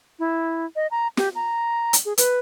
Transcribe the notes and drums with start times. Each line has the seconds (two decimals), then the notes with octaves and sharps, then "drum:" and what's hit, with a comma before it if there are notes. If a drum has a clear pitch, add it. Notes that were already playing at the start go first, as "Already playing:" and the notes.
0.19 E4
0.76 D#5
0.91 A#5
1.17 G4, drum: snare
1.35 A#5
1.93 drum: hi-hat
2.05 G#4
2.18 B4, drum: hi-hat